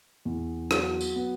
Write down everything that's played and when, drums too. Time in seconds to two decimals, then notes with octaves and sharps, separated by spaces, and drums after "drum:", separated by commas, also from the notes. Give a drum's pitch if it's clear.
0.25 E2
0.71 F#3, drum: rim click
1.01 drum: tambourine
1.16 B3